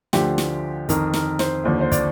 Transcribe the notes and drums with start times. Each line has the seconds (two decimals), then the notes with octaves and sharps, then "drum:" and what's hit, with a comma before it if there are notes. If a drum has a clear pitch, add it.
0.13 D2 D3 F3 G4, drum: snare
0.38 drum: snare
0.89 F2 D#3 A#4, drum: kick, hi-hat
1.14 A#4, drum: snare
1.39 C5, drum: snare
1.64 D#2 D3 F3 C5
1.81 C5
1.92 D5, drum: kick, hi-hat